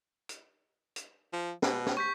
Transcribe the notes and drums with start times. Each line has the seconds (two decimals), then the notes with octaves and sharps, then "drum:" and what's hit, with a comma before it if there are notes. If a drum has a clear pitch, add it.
0.29 drum: hi-hat
0.96 drum: hi-hat
1.33 F3
1.62 B2, drum: snare
1.86 drum: snare
1.97 C#6 G6 B6